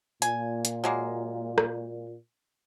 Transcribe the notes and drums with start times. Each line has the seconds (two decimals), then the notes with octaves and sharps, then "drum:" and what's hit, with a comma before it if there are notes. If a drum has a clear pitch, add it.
0.22 A#2 G#5, drum: hi-hat
0.65 drum: hi-hat
0.84 F#3 G#3 A#3
1.58 drum: rim click